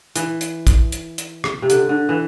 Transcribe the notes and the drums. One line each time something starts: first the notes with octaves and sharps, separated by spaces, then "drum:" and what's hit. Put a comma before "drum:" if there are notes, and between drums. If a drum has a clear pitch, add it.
E3, drum: hi-hat
drum: hi-hat
drum: kick, hi-hat
drum: hi-hat
drum: hi-hat
drum: rim click
C3
D3, drum: hi-hat
D3
E3